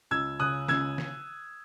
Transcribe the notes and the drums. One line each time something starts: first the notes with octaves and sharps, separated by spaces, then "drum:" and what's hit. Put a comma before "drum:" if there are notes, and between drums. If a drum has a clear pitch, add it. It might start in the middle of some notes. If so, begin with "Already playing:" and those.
C#2 E6 G#6
C#3 D#6 F#6
C#2 E6 G#6, drum: snare
drum: snare